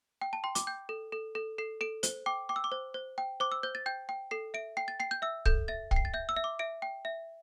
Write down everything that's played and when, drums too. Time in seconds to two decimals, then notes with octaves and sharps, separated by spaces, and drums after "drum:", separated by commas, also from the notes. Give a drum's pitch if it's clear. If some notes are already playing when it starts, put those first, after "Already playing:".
0.21 G5
0.33 A5
0.44 G5 C6
0.55 D6, drum: hi-hat
0.67 G5 G6
0.89 A4
1.12 A4
1.35 A4
1.58 A4 C7
1.81 A4 D7
2.03 C5, drum: hi-hat
2.26 G5 D6
2.49 G5 D6
2.56 E6
2.64 D6
2.72 C5
2.94 C5
3.18 G5
3.40 C5 D6
3.52 E6
3.63 C5 G6
3.75 A6
3.86 G5 G6
4.09 G5
4.31 A4 C7
4.54 E5 D7
4.77 G5 C7
4.88 A6
5.00 G5 C7
5.11 G6
5.22 E5 E6
5.46 A4 G6, drum: kick
5.68 E5 A6
5.91 G5, drum: kick
5.96 C7
6.05 A6
6.14 E5 G6
6.29 E6
6.36 E5
6.44 D6
6.59 E5 D7
6.82 G5
7.05 E5